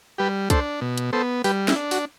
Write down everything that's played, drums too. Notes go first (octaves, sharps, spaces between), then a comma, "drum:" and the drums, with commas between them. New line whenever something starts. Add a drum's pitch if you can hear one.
G3 G4 B4
D4 A4 C5, drum: kick C2, hi-hat
B2
drum: hi-hat
B3 A4 C5
G3 G4 B4, drum: open hi-hat
E4, drum: snare
D4
F#4, drum: open hi-hat